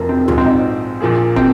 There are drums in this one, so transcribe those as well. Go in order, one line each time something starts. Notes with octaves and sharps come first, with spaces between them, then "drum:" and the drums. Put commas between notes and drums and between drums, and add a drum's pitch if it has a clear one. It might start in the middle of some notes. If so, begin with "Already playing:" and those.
Already playing: F1 F2 C3 F3 A#3
C4
A#1 G#2 G#3 F4, drum: tom
C4
D#4
A#1 A#2 F3 A#3 G#4
C4, drum: kick